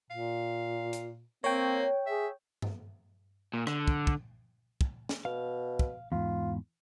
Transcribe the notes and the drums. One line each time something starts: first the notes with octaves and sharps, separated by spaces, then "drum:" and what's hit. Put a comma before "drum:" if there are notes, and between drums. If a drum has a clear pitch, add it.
A#2 F5
drum: hi-hat
A#3 C4 C#5 G5
G#4 E5
drum: tom G2
A#2
D3, drum: rim click
drum: kick
drum: kick
drum: kick
drum: snare
B2 F5
drum: kick
E2 G#2 F4